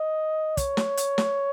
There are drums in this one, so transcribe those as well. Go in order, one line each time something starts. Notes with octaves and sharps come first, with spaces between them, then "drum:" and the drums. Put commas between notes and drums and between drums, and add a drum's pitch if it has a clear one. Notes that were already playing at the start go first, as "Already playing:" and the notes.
Already playing: D#5
C#5, drum: kick, hi-hat
drum: snare
drum: hi-hat
drum: snare